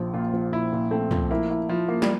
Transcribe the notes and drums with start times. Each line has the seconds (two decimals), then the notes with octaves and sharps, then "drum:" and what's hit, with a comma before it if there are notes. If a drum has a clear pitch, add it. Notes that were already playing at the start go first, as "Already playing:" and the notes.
Already playing: A#1 F3
0.13 A#2 F4
0.33 F3
0.52 A#2 E4
0.73 A#2
0.91 A3 C4
1.11 F3, drum: tom
1.30 A#3 E4
1.51 E4
1.69 F3 E4
1.89 A#3
2.02 G3, drum: snare